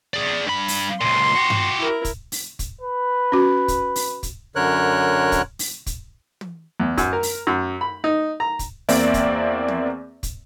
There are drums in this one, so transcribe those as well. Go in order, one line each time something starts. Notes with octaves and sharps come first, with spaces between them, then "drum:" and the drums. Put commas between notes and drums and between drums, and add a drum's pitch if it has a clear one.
G#4 D5
G2 B5
drum: open hi-hat
C#2 A#2 C6
F#4 G4
drum: tom G2
E4 A#4
drum: kick, hi-hat
drum: open hi-hat
drum: kick, hi-hat
B4
C#4 F#4
drum: kick, hi-hat
drum: open hi-hat
drum: kick, hi-hat
F#2 D3 A#4 C#5 F#6
drum: kick, hi-hat
drum: open hi-hat
drum: kick, hi-hat
drum: tom
E2
F#2, drum: kick, hi-hat
A#4
drum: open hi-hat
F#2
B5
D#4
A#5
drum: kick, hi-hat
E2 A#3 C4 D5 E5, drum: open hi-hat
drum: kick, hi-hat
drum: tom
drum: kick, hi-hat